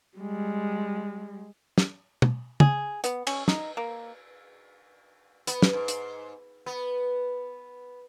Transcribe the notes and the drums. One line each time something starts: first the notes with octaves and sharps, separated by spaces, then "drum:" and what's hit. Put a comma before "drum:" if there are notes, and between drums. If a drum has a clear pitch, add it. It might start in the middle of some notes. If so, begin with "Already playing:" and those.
G3 G#3
drum: snare
drum: tom
G#4, drum: tom
B3, drum: hi-hat
C#4, drum: cymbal
D#4, drum: snare
A#3
B3, drum: hi-hat
drum: snare
G#2
drum: hi-hat
B3